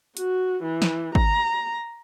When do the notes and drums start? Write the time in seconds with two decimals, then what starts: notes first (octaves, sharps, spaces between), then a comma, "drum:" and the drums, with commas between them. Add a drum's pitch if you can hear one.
0.17 F#4, drum: hi-hat
0.63 E3
0.82 drum: snare
1.15 A#5, drum: kick G#1